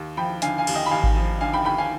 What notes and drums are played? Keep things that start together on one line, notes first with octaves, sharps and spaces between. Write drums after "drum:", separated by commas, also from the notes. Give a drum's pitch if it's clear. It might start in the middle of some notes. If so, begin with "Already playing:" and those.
Already playing: D#2
F3 G5 B5
D3 F5 G#5, drum: hi-hat
F5 G#5
D#2, drum: cymbal
D#5 G5
B5
D#2 F5 G#5
drum: kick G#1
F3
D3 F5 G#5
G5 B5
D#2 G5 B5
F5 G#5